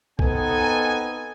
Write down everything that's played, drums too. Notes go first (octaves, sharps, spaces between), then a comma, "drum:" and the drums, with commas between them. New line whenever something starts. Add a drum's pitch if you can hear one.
B3 C4 D#4 A4 G#5, drum: kick B1